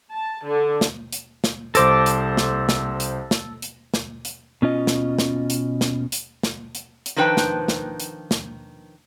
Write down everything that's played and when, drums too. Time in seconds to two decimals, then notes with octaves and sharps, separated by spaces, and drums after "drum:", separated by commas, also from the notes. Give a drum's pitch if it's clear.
0.13 A5
0.46 D3
0.81 drum: snare
1.12 drum: hi-hat
1.44 drum: snare
1.75 C2 A4 C5 D6 A#6, drum: hi-hat
2.06 drum: hi-hat
2.37 drum: snare
2.69 drum: snare
3.00 drum: hi-hat
3.31 drum: snare
3.62 drum: hi-hat
3.94 drum: snare
4.25 drum: hi-hat
4.62 B2 C#4 F4 D#5
4.87 drum: snare
5.19 drum: snare
5.50 drum: hi-hat
5.81 drum: snare
6.12 drum: hi-hat
6.43 drum: snare
6.75 drum: hi-hat
7.06 drum: hi-hat
7.16 D#3 F3 D4 B4 C5 G5
7.37 drum: snare
7.68 drum: snare
8.00 drum: hi-hat
8.31 drum: snare